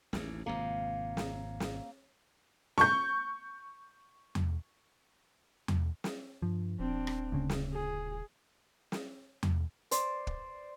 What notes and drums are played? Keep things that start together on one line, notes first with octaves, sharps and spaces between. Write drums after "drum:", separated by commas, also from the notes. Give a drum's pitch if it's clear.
A1 D#2, drum: snare
G#1 F2 C3 A#3
drum: snare
drum: snare
C#6 G6, drum: snare
drum: tom E2
drum: tom E2
drum: snare
G2 F3
D#1 C4 D4
drum: rim click
D2 C#3
drum: snare
G#4
drum: snare
drum: tom E2
C5 D5, drum: hi-hat
drum: kick